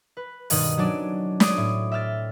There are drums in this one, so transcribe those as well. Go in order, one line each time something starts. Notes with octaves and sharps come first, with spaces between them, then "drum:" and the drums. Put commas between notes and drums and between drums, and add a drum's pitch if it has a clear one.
B4
G2 B2 D#3 D#6, drum: open hi-hat
F#3 C#4 D4 D5
C#5 D5 C6 D#6, drum: snare
A2
E5 G5 F6 A6